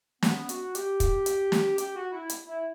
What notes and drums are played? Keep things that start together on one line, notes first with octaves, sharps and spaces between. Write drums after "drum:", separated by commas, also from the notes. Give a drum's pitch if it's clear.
B3, drum: snare
F#4, drum: hi-hat
G4, drum: hi-hat
drum: kick, hi-hat
drum: hi-hat
drum: snare
G4, drum: hi-hat
F#4
E4
drum: hi-hat
E4